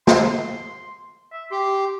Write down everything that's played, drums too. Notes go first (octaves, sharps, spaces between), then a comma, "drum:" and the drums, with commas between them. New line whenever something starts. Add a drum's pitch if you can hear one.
C6, drum: snare
E5
G4 C6